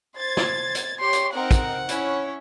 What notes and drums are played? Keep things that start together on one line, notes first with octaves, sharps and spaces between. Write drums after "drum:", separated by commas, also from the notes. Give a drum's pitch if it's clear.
C5 G#6 A6
drum: snare
drum: hi-hat
G4 C#5 C6
drum: hi-hat
C4 D#4 A#4 F#5
drum: kick, hi-hat
C#4 E4 C#5, drum: hi-hat